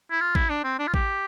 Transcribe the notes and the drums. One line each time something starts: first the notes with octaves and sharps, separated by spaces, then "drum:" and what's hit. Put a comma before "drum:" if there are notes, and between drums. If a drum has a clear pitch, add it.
E4
F4
E4, drum: kick A1
D4
C4
D4
F4
G4, drum: kick A1